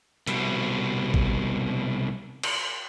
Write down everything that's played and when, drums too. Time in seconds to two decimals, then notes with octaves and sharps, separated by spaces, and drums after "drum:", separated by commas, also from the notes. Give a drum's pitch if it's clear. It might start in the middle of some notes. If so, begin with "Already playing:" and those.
0.27 C2 B2, drum: hi-hat
1.14 drum: kick
2.43 drum: cymbal